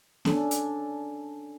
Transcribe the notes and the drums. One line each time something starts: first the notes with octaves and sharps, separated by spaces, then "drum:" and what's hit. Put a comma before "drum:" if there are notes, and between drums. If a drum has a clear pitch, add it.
C#4 D4 A4, drum: snare B3
drum: hi-hat